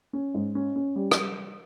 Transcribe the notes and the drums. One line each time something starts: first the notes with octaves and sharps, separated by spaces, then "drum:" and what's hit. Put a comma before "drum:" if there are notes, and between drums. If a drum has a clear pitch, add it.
C#4
G#2
C#4
C#4
G3
drum: rim click